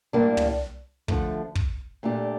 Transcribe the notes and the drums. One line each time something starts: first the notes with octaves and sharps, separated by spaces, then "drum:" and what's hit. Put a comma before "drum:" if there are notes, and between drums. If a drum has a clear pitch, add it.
A2 G3 A#3 D4
drum: tom
D3 F3 A3, drum: kick
drum: kick
A#2 A3 D4 G4